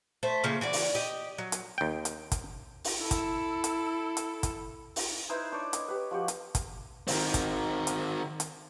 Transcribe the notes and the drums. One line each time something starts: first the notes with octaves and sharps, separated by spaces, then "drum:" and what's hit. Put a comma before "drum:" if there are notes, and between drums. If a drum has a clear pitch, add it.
A3 C5
C#3 F3 A3 A#3
E3 F#4 D5
drum: open hi-hat
G4 D#5
F#3
drum: hi-hat
D#2 G5
drum: hi-hat
drum: kick, hi-hat
drum: open hi-hat
E4 A4
drum: kick, hi-hat
drum: hi-hat
drum: hi-hat
drum: kick, hi-hat
drum: open hi-hat
D#4 E4 B4 C5
D4 C#5 D5
D#5, drum: hi-hat
G4 B4
F3 F#4 G4
drum: hi-hat
drum: kick, hi-hat
D#3 C4, drum: open hi-hat
drum: kick, hi-hat
drum: hi-hat
drum: hi-hat